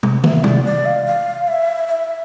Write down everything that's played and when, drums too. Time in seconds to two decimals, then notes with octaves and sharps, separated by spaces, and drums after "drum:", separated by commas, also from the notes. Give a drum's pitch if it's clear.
0.03 drum: tom
0.24 E5, drum: tom
0.44 D5, drum: tom
0.64 D5
0.86 F5
1.06 F5
1.47 E5
1.88 E5